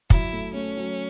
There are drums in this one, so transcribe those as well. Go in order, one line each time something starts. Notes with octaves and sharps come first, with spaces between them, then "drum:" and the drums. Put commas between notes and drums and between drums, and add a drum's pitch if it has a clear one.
F#3 E4, drum: kick
A3
A3 C#4
F#3